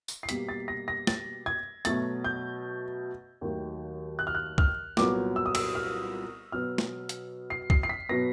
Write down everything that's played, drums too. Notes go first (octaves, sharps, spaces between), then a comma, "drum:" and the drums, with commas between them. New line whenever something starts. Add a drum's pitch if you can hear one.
drum: tambourine
C7
B2 G3 A#3 B6, drum: hi-hat
A6
A#6
A#6
A6, drum: snare
G#6
B2 F#3 A3 A6, drum: hi-hat
G6
D#2 D#3 F#3 A3
F#6
F6
F#6
F6, drum: kick C2
C2 A#2 F#3 B3 D6, drum: snare
E6
D#6
E6, drum: cymbal
F6
B2 F#3 B3 F6
drum: snare
drum: hi-hat
C7
C7, drum: kick C2
C7
B6
B2 F#3 B3 A#6